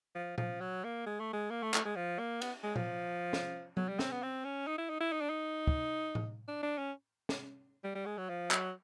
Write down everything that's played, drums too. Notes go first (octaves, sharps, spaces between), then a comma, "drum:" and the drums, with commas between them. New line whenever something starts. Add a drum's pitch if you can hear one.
F3
F3, drum: tom A#2
F#3
A#3
G#3
A3
G#3
A#3
A3
A3, drum: clap
G#3
F3
A#3
B3, drum: cymbal
G#3
F3, drum: tom A#2
drum: snare
F#3, drum: tom F#3
G3
C4, drum: snare
B3
C4
C#4
D#4
E4
D#4
E4
D#4
D4
D#4
drum: kick
drum: tom A2
D4
D4
C#4
drum: snare
G3
G3
G#3
F#3
F3
F#3, drum: clap